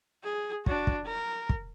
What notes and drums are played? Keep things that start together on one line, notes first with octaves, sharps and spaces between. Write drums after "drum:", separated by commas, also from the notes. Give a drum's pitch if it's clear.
G#4
D4 F#4, drum: kick
drum: kick
A#4
drum: kick